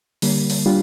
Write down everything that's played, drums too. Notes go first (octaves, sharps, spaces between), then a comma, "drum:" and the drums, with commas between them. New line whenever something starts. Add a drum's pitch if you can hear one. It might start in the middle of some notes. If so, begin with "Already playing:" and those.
D3 G3 A#3, drum: open hi-hat
drum: open hi-hat
G3 D4 F4